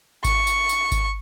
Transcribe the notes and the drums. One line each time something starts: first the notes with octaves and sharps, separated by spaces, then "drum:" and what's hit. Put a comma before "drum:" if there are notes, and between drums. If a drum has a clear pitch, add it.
C#6, drum: kick G#1, tambourine
drum: tambourine
drum: tambourine
drum: kick G#1, tambourine